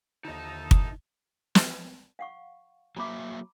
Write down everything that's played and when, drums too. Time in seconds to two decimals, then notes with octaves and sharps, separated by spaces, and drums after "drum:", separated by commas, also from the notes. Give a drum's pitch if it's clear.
0.25 D#2 D3 F3 D#4 D#5 E5 A5
0.71 drum: kick
1.55 drum: snare
2.19 F5 F#5 C#6
2.97 F#3 A#3 E5 A#5 B5 D6